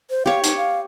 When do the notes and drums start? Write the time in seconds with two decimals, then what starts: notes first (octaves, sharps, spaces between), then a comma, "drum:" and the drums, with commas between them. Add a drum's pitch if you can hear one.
0.10 C5
0.26 G4 C#5 F5
0.43 D#4, drum: hi-hat
0.57 F5